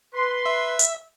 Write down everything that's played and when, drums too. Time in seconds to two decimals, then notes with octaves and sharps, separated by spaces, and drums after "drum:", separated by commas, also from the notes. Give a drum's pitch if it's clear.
0.14 B4 C6
0.46 E5
0.79 drum: hi-hat